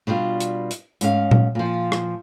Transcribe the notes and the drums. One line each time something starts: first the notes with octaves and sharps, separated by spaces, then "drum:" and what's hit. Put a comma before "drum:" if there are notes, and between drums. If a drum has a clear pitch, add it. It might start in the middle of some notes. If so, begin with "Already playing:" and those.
B2 G3 D4 F4
drum: hi-hat
drum: hi-hat
G#2 C#4 F5, drum: hi-hat
drum: tom A#2
A#2 F3
drum: rim click